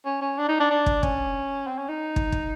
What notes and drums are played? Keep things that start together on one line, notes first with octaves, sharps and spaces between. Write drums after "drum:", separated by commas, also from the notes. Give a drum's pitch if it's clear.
C#4
C#4
D4
D#4
D4
D4
drum: kick
C#4, drum: kick
C4
C#4
D#4
drum: kick
drum: kick